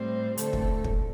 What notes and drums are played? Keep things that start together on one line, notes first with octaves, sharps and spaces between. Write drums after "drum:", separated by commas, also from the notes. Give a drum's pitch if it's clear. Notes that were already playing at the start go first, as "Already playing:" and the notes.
Already playing: A2 G3 C4 C5
D3 A3 C4 A4, drum: hi-hat
drum: kick
drum: kick